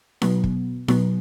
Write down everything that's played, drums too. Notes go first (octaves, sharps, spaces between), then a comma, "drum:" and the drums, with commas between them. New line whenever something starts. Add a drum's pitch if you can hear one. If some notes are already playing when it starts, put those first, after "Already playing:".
B2 F#3 B3, drum: snare D#4
drum: kick
B2 F#3 B3, drum: snare D#4